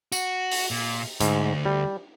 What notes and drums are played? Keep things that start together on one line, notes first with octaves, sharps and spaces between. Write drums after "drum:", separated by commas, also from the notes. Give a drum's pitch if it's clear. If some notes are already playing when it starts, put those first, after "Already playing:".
F#4, drum: tambourine
drum: open hi-hat
A#2
D2 G#2, drum: hi-hat
G3